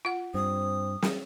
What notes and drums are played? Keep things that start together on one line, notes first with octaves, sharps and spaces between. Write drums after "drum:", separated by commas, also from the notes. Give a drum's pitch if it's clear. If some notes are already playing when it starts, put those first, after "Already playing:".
F4 F#5
G2 C4 D#6
drum: snare